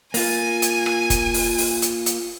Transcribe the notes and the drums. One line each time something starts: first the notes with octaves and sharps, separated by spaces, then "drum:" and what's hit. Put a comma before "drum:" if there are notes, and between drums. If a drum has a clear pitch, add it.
A#3 F4 G#5, drum: open hi-hat
drum: hi-hat
drum: rim click
drum: kick F1, hi-hat
drum: open hi-hat
drum: open hi-hat
drum: hi-hat
drum: hi-hat